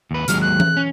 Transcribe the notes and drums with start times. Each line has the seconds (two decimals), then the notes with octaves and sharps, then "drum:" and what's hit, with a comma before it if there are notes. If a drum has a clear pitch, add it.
0.11 D#2 B4
0.28 D#2 F#3 G#3 F6, drum: hi-hat
0.41 F#6
0.60 drum: tom E3
0.77 C#4